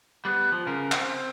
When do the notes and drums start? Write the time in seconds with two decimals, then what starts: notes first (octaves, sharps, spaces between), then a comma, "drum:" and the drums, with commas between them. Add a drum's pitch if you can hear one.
0.25 G3 B3
0.52 F3
0.66 C#3 A#4
0.92 C4, drum: clap